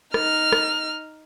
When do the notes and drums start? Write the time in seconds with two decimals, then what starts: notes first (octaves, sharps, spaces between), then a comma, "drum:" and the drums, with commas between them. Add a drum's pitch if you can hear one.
0.14 D#4 F6, drum: rim click
0.52 drum: rim click